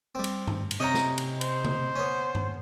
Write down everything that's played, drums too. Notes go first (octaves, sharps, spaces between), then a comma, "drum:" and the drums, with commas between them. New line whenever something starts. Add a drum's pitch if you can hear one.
G3 C4
drum: cymbal
drum: tom G2
drum: cymbal
C3 C#4 D#5 F#5 G5 A#5
drum: snare
drum: cymbal
C5, drum: cymbal
drum: tom C#3
B3 C#4
drum: tom G2